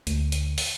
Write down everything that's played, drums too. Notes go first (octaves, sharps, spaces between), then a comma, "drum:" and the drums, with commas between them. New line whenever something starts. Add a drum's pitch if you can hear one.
D2, drum: hi-hat
drum: hi-hat
drum: open hi-hat